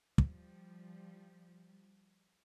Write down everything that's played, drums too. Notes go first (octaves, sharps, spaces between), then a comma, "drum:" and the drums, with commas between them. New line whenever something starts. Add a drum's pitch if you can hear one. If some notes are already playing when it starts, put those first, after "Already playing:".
F3 G3, drum: kick